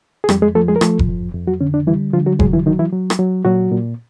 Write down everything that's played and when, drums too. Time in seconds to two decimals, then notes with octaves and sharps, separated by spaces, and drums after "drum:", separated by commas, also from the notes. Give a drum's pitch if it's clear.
0.24 G#4
0.29 F2 G3 G4, drum: rim click
0.42 G#3 G#4
0.55 F3 A3 A4
0.68 G#3 G#4
0.76 A#4
0.81 F3 A3 A4, drum: rim click
0.99 drum: kick F1
1.09 F2
1.34 F2
1.47 F#3 F#4
1.61 D3 C#4
1.74 D4
1.87 E3 G3 E4
2.13 D3 F3 F4
2.26 F#3 F#4
2.39 F#3 G#3 G#4, drum: kick F1
2.53 E3 E4
2.66 D#3 F#3 D#4
2.79 E3 E4
2.92 F#3
3.10 drum: rim click
3.19 F#3
3.45 A#2 F#3 F#4
3.71 A#2